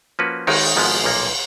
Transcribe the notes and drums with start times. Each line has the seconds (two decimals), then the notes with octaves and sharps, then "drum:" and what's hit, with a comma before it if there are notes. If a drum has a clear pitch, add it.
0.19 F3 A#3 C#4 F#4 B4
0.47 D#3 G#3 D#4 A#4, drum: cymbal
0.76 G#1 G#2 F3 G#3 B3
1.04 B1 A#2 F3 A#3